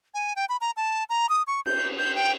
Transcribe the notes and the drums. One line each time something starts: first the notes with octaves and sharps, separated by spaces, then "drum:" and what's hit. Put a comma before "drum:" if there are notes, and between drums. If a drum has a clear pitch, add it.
G#5
G5
B5
A#5
A5
A#5
D#6
C#6
G6, drum: cymbal
G6
G5